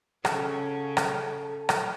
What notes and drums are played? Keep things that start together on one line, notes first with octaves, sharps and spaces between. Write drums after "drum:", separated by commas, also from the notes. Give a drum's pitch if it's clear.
C#3 C#4 G#4 A4 F#5 A5, drum: rim click
drum: rim click
drum: rim click